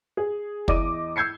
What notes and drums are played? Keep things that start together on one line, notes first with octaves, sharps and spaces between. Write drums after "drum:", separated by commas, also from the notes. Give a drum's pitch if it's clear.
G#4
E2 D#5 D6 D#7, drum: kick
E6 G6 G#6 C7 C#7